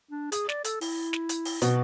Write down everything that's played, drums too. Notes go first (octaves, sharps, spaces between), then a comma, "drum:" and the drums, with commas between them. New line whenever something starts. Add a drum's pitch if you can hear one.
D4
G#4, drum: hi-hat
D5, drum: snare
A4, drum: hi-hat
E4, drum: open hi-hat
drum: snare
drum: hi-hat
drum: open hi-hat
B2 F#4, drum: hi-hat